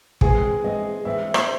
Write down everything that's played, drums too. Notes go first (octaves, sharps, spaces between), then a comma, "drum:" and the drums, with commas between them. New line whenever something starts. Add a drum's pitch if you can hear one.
E3 G#3 C4 G#4, drum: kick
E3 G#3 C4 D#5
E3 G#3 C4 E5
C5, drum: rim click